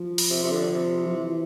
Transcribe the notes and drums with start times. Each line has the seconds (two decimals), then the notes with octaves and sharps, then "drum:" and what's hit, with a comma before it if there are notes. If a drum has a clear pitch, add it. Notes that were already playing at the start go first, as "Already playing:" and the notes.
Already playing: F3
0.18 drum: open hi-hat
0.30 C3
0.43 C3
0.52 D3
0.72 C3
1.06 F3
1.15 E3